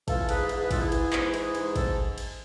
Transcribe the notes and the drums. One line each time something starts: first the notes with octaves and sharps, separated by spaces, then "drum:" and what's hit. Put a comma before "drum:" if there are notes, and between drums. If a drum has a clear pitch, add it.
E3 F4 A4, drum: kick, cymbal
G#2 G#4 B4, drum: cymbal
E3 G#4 B4, drum: cymbal
G#4 B4
G#2 F4 A4, drum: kick, cymbal
E4 G#4
E3, drum: cymbal
G#2, drum: clap
E3, drum: cymbal
G#2, drum: cymbal
A4, drum: kick, cymbal
drum: cymbal